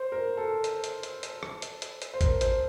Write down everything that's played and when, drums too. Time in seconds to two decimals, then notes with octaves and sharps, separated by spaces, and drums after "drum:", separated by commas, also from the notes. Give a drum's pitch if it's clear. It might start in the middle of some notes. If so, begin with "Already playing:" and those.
Already playing: C5
0.12 A#4
0.37 A4
0.64 drum: hi-hat
0.84 drum: hi-hat
1.03 drum: hi-hat
1.23 drum: hi-hat
1.43 drum: rim click
1.62 drum: hi-hat
1.82 drum: hi-hat
2.02 drum: hi-hat
2.14 C5
2.21 A#4, drum: kick G#1, hi-hat
2.41 C5, drum: hi-hat